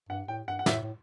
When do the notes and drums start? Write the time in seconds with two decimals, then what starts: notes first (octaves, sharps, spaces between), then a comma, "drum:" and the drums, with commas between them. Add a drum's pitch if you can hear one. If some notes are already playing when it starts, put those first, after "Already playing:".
0.09 G2 F#5
0.28 A2 G5
0.47 G2 F#5
0.59 F#5
0.66 A2 E5, drum: snare
0.83 A2